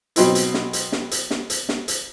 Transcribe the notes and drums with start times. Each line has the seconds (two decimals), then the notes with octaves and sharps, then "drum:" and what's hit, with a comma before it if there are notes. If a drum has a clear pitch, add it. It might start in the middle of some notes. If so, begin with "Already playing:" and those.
0.16 B2 F#3 C4 D#4 E4, drum: hi-hat
0.35 drum: hi-hat
0.54 drum: snare
0.73 drum: hi-hat
0.92 drum: snare
1.11 drum: hi-hat
1.31 drum: snare
1.50 drum: hi-hat
1.69 drum: snare
1.88 drum: hi-hat